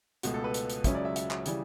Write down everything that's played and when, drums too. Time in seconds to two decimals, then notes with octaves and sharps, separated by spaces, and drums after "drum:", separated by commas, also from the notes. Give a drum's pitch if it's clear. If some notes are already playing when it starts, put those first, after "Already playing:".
0.23 C#2 B2 A3 F#4, drum: hi-hat
0.34 A4
0.44 B4
0.54 drum: hi-hat
0.70 drum: hi-hat
0.84 C#2 C#3 F#3 C#4 E5, drum: kick, hi-hat
0.95 D5
1.05 E5
1.16 E5, drum: hi-hat
1.31 drum: clap
1.46 C#3 E3 G3 G4, drum: hi-hat